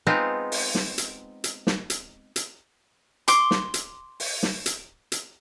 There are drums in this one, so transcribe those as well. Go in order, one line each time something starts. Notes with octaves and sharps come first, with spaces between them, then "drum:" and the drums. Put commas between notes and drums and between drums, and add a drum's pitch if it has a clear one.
G#3 B3 C4 D#4 F4
drum: open hi-hat
drum: snare
drum: hi-hat
drum: hi-hat
drum: snare
drum: hi-hat
drum: hi-hat
C6 D6, drum: hi-hat
drum: snare
drum: hi-hat
drum: open hi-hat
drum: snare
drum: hi-hat
drum: hi-hat